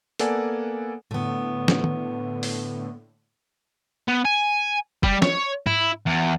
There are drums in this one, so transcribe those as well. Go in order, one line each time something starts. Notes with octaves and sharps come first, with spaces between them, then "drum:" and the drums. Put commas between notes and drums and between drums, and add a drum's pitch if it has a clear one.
A#3 B3 A4 D5 F#5 G#5, drum: hi-hat
A2 D3 A3 B3
drum: snare
drum: tom D#3
drum: open hi-hat
B3
G#5
G3, drum: kick
C#5, drum: snare
E4, drum: tom G#2
E2